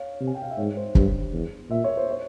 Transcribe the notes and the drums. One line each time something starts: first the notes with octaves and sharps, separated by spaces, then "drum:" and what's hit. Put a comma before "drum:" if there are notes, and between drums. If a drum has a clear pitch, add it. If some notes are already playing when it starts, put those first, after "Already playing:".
Already playing: C#5 F5
C3
G#5
G5
F5
E5
G#2 C#5
C5
G2, drum: kick
E2
A#2 E5
C#5
C5
C#5